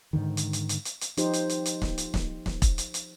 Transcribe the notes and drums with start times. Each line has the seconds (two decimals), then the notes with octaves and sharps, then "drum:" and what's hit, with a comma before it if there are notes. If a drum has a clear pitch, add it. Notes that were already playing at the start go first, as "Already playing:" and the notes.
0.13 G#2 B2 D3 D#3
0.37 drum: hi-hat
0.53 drum: hi-hat
0.69 drum: hi-hat
0.85 drum: hi-hat
1.01 drum: hi-hat
1.17 F3 D#4 G4 C5, drum: hi-hat
1.33 drum: hi-hat
1.49 drum: hi-hat
1.66 drum: hi-hat
1.82 drum: snare
1.98 drum: hi-hat
2.14 drum: snare
2.46 drum: snare
2.62 drum: kick E1, hi-hat
2.78 drum: hi-hat
2.94 drum: hi-hat